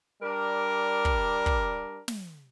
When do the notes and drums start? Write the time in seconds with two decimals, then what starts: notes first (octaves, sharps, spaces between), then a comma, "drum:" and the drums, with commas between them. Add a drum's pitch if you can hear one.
0.22 G3 D4 A#4
1.05 drum: kick
1.46 drum: kick
2.08 drum: snare